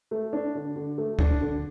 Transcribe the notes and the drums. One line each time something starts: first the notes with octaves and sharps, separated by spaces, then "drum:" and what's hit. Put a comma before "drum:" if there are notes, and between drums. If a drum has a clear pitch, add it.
A3
D4
D3
D3
A3
D4, drum: kick
D3